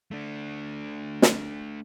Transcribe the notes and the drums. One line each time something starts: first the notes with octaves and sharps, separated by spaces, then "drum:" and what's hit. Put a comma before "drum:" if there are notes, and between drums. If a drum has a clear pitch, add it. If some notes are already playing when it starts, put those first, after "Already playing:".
A3 D4
drum: snare